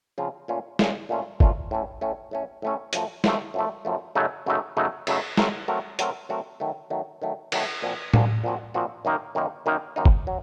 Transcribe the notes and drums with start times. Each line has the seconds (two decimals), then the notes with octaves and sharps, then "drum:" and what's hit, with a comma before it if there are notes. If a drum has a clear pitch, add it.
0.18 C#3 F3 C4 F4
0.48 A#2 A3 C#4 F4
0.79 A#2 A3 C#4 F4, drum: snare
1.09 A#2 A3 C#4 F4
1.40 A#2 A3 C#4 F4, drum: kick G1
1.71 A2 A3 C#4
2.01 A2 A3 C#4
2.31 A2 A3 C#4
2.62 A2 A3 C#4
2.93 F#2 F3 A3, drum: hi-hat
3.24 F#2 F3 A3, drum: snare
3.54 F#2 F3 A3
3.85 F#2 F3 A3
4.15 F#2 C#3 F#3 A3 D#4
4.46 F#2 C#3 F#3 A3 D#4
4.77 F#2 C#3 F#3 A3 D#4
5.07 F#2 C#3 F#3 A3 D#4, drum: cymbal
5.37 F#3 A3 C4 F#4 A#4, drum: snare
5.68 F#3 A3 C4 F#4 A#4
5.99 F#3 A3 C4 F#4 A#4, drum: hi-hat
6.29 F#3 A3 C4 F#4 A#4
6.60 D#3 F#3 A3
6.90 D#3 F#3 A3
7.22 D#3 F#3 A3
7.52 D#3 F#3 A3, drum: cymbal
7.82 A#2 F3 C4 F#4
8.14 A#2 F3 C4 F#4, drum: tom A2
8.44 A#2 F3 C4 F#4
8.74 A#2 F3 C4 F#4
9.05 F#2 D#3 A#3 D#4
9.35 F#2 D#3 A#3 D#4
9.66 F#2 D#3 A#3 D#4
9.96 F#2 D#3 A#3 D#4
10.05 drum: kick G1
10.27 F#3